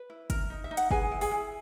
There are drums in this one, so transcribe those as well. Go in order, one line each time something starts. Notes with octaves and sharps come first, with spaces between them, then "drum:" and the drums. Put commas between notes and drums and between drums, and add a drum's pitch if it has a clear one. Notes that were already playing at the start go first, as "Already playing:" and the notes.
Already playing: B4
E4
A#4, drum: kick, hi-hat
D#4
E5
D#4
F#5, drum: hi-hat
G#4 B4 G#5, drum: kick
E4
G#4 G#5, drum: open hi-hat
E4